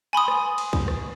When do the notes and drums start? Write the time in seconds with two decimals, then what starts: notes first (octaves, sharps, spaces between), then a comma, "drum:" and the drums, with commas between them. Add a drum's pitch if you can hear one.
0.13 G#5 B5 C6 D#6
0.28 drum: rim click
0.58 drum: cymbal
0.73 drum: kick
0.88 drum: rim click